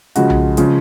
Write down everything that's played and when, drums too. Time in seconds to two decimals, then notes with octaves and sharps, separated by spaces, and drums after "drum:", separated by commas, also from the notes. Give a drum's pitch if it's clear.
0.16 C#3 F3 G#3 F#4, drum: hi-hat
0.30 drum: tom B1
0.57 C#3 F3 G#3, drum: hi-hat